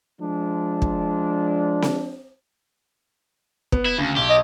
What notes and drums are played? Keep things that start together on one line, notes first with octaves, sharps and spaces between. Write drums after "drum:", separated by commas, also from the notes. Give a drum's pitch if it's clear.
F3 G#3 D4
drum: kick
drum: snare C4
B3, drum: kick
E4
D2 C#3
B1 G4
D#5